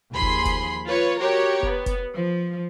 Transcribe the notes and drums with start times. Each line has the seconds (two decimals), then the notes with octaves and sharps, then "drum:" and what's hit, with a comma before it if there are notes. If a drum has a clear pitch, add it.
0.12 D#2 F3 G#4 B5 C6
0.22 drum: kick F1
0.45 drum: kick F1, hi-hat
0.86 F4 B4 C#5
1.20 F#4 G4 A#4 C#5
1.63 B3, drum: kick F1
1.86 drum: kick F1, hi-hat
2.16 F3